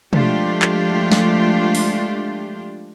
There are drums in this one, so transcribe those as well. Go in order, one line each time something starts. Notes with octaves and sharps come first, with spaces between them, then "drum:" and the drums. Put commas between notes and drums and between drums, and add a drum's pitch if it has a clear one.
F3 G#3 A3 D4 F4 G4, drum: tom
drum: clap
drum: snare
drum: open hi-hat